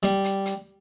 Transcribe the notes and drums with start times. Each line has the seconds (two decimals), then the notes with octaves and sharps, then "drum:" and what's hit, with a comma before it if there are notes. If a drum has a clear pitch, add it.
0.03 G3, drum: hi-hat
0.24 drum: hi-hat
0.46 drum: hi-hat